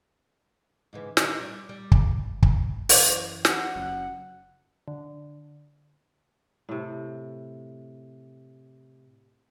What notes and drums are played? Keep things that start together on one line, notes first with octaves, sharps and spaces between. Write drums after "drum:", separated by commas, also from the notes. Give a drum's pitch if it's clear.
G#2 C#3 E3
D#3 D#4 D5, drum: snare
G3
G3
C#3, drum: kick
drum: kick
F#2 E3, drum: open hi-hat
F#5, drum: snare
F#1 F#2
D3
A2 C3